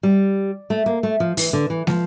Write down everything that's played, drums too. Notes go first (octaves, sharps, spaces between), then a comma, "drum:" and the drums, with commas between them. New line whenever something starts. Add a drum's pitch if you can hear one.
G3
A3
A#3
A3
F3
E3, drum: open hi-hat
D3
E3
F3, drum: snare